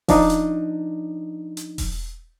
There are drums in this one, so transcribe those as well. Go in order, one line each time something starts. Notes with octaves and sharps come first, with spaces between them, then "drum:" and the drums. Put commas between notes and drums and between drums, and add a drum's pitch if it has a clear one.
F3 D4 D#4, drum: kick E1, open hi-hat
drum: hi-hat
drum: hi-hat
drum: kick E1, open hi-hat